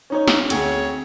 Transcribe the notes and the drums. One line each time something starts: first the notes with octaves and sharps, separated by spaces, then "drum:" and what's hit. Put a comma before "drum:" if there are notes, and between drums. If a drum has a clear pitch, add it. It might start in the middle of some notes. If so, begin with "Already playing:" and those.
C#4 D#4 C#5
drum: snare
D2 C4 G#4 C#5, drum: hi-hat